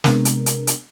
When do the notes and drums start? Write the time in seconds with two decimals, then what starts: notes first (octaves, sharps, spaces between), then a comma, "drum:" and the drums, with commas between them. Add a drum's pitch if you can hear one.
0.04 C3 G#3 B3 D4 A#4, drum: snare
0.25 drum: hi-hat
0.46 drum: hi-hat
0.67 drum: hi-hat